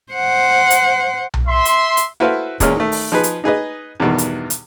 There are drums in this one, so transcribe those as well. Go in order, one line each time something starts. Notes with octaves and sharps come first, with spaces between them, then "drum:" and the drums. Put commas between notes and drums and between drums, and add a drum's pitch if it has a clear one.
C5 F#5
drum: hi-hat
drum: tom B1
E5 C6
drum: hi-hat
drum: hi-hat
E4 F#4 A4 B4 C5 F5
E2 A#2 G#3 C#4 F6, drum: kick, hi-hat
D#3 A3
drum: open hi-hat
F3 D#4 G#4 B4
drum: hi-hat
D#4 G#4 B4 D#5
E2 G2 B2 D#3
drum: hi-hat
drum: hi-hat